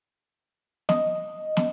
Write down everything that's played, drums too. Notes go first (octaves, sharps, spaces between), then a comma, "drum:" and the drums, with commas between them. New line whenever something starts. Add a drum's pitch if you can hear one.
D#5, drum: snare
drum: snare